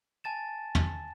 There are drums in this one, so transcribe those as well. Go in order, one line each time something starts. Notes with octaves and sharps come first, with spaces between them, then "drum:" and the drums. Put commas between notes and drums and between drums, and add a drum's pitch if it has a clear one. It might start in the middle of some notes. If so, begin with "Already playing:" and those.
G#5 A5 A6 E7
drum: tom